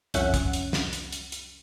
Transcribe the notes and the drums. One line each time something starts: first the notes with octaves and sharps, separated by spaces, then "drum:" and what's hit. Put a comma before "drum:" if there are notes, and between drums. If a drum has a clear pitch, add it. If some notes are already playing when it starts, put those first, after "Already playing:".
C2 F2 C#4 E5 F#5, drum: hi-hat
drum: kick, hi-hat
drum: hi-hat
drum: snare
drum: hi-hat
drum: hi-hat
drum: hi-hat